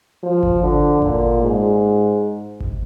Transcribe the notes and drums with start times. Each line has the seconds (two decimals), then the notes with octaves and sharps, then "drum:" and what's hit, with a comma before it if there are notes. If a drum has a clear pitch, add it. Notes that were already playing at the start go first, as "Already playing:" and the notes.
0.23 F3
0.43 drum: kick G#1
0.62 D3
1.02 A#2, drum: kick G#1
1.42 G#2
2.60 drum: kick G#1